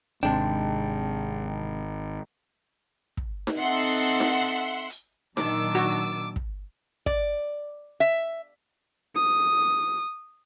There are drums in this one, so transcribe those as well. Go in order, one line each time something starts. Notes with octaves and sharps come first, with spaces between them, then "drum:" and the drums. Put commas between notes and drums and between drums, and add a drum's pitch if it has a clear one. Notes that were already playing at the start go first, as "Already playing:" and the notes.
G#1 C3 G#3 D4 G5 A5
drum: kick
drum: snare D#4
C4 D#4 A4 E5 F#5 C6
drum: snare D#4
drum: hi-hat
A#2 D#3 F#3 D4 D6 E6, drum: snare D#4
F#4, drum: hi-hat
drum: kick
D5, drum: kick
E5
D#6